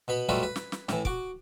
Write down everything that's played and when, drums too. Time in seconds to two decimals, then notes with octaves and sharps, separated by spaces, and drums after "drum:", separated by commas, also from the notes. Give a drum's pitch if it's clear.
0.08 B2 B3 B5
0.29 F#3 G3 A3 F4 B4 D#5
0.43 B4
0.56 drum: snare
0.72 drum: snare
0.89 A2 E3, drum: snare
1.05 F#4 D6, drum: kick